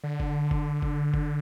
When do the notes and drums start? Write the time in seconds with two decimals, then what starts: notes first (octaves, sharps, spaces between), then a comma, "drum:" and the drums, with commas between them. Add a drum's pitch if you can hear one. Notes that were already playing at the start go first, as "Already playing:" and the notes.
0.04 D3
0.20 drum: kick F#1
0.51 drum: kick F#1
0.82 drum: kick F#1
1.14 drum: kick F#1